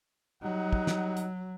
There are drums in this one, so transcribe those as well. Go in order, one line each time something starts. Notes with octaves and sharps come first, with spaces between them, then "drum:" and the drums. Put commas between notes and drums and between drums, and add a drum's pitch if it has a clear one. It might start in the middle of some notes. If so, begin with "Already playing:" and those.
F#3 G3 D#4 F#5
drum: kick
drum: snare
drum: hi-hat